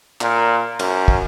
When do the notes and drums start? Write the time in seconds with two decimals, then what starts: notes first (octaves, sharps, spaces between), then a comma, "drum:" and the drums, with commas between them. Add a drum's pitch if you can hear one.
0.21 A#2, drum: clap
0.79 F#2, drum: cymbal
1.08 drum: kick